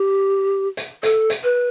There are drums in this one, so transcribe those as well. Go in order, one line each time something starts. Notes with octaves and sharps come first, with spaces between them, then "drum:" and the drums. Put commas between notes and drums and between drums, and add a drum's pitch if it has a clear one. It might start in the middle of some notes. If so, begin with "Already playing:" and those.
Already playing: G4
drum: hi-hat
A4, drum: hi-hat
drum: hi-hat
B4